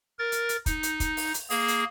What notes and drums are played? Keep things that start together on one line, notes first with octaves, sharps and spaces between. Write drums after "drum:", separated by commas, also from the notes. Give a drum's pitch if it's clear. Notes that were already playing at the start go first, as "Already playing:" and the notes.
A#4 A6
drum: hi-hat
drum: hi-hat
D#4, drum: kick, hi-hat
drum: hi-hat
drum: kick, hi-hat
drum: open hi-hat
drum: hi-hat
A#3 G#4, drum: open hi-hat
drum: hi-hat